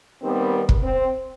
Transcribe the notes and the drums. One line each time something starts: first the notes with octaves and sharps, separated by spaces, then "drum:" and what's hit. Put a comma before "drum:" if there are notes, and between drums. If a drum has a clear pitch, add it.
D#2 D#3 G3 B3 C4
drum: kick
C4